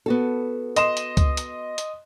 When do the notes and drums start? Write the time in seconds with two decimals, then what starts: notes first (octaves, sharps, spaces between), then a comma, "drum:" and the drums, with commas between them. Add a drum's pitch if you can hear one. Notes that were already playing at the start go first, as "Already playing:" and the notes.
0.06 B3 F#4 A4
0.76 D#5 C6 E7, drum: hi-hat
0.97 drum: hi-hat
1.17 drum: kick C#2, hi-hat
1.37 drum: hi-hat
1.78 drum: hi-hat